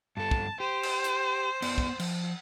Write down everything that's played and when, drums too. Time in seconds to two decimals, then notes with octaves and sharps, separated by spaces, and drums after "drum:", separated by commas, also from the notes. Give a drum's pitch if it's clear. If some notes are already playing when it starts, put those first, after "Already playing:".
0.17 G2 A4 A5
0.31 drum: kick
0.60 G4 C5
0.83 drum: cymbal
1.04 drum: hi-hat
1.62 B3 D5, drum: cymbal
1.78 drum: kick
2.00 F3, drum: cymbal